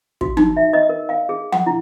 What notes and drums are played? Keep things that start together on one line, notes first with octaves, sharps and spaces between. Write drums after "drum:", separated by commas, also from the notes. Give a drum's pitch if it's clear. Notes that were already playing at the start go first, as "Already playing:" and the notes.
F#4, drum: kick
D#4, drum: tom F3
E5
D#5
A#4
F5
G#4
F#5, drum: tom F3
E4